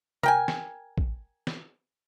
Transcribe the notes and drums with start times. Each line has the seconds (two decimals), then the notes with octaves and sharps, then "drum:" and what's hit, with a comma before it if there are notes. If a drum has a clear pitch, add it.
0.23 A#4 G5 G#5, drum: tom C3
0.48 drum: snare
0.98 drum: kick A#1
1.47 drum: snare